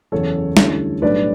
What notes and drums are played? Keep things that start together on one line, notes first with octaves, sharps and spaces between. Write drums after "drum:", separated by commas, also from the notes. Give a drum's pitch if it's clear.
F#1 E2 C#3 A4 C#5
D2 D3 G3 C#4 E4, drum: snare
B1 A2 G3 D4 B4 D5